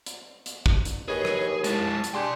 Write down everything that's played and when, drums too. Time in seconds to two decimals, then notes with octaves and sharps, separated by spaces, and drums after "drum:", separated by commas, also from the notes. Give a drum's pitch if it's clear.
0.06 drum: hi-hat
0.46 drum: hi-hat
0.66 drum: kick
0.85 drum: hi-hat
1.08 D#2 G#4 B4 C#5 D#5
1.25 drum: rim click
1.64 G#3 E4 A5, drum: hi-hat
2.04 drum: hi-hat
2.15 D4 G4 G#4 D5 C6